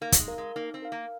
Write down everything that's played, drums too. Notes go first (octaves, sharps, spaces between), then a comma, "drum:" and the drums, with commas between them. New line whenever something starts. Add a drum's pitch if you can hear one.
A#3 D#4
F#3, drum: kick, hi-hat
G#3
A#4 F5
G#3
A#3 D#4
C4
A#4 F5
A#3